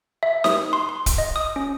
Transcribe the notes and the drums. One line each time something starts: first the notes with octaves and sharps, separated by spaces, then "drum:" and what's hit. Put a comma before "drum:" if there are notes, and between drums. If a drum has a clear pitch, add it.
E5
D#6, drum: snare D#4
C6
C6
drum: kick, hi-hat
D#5
D#6
C#4